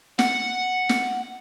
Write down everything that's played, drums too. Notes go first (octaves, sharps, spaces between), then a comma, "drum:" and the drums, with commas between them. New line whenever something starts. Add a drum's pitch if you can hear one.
F#5, drum: snare
drum: snare